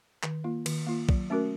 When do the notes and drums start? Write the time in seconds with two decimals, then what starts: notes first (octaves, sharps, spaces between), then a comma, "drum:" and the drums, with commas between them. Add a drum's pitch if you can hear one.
0.23 D#3, drum: clap
0.44 A#3 F4
0.66 D#3, drum: cymbal
0.87 A#3 F4
1.09 F#3, drum: kick
1.30 A3 C#4 F#4 A#4